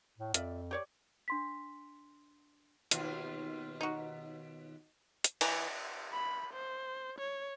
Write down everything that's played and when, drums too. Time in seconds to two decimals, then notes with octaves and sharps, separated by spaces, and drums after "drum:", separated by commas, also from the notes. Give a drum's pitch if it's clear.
0.19 A2
0.34 F2 F4 D5 E5, drum: hi-hat
0.71 G4 C#5 D5
1.28 D4 C6 B6
2.91 D#2 B2 F4, drum: hi-hat
3.81 D#4 F#4
5.24 drum: hi-hat
5.41 E3 A#5, drum: cymbal
6.12 B5
6.53 C5
7.18 C#5